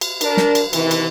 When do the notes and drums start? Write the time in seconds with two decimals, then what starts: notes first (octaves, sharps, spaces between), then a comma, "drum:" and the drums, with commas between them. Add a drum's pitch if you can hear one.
0.01 drum: cymbal
0.21 D4 A#4, drum: cymbal
0.37 drum: snare
0.55 drum: cymbal
0.73 C3 D#3 E3, drum: cymbal
0.91 drum: cymbal